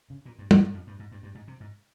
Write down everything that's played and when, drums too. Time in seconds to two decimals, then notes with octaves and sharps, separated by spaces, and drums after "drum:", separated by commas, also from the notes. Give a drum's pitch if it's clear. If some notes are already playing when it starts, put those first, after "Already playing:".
0.10 C#3
0.25 A#2
0.39 G2
0.51 F2, drum: tom
0.63 G2
0.74 F2
0.87 G2
0.99 G#2
1.12 G2
1.23 G2
1.35 G#2
1.48 C3
1.60 G#2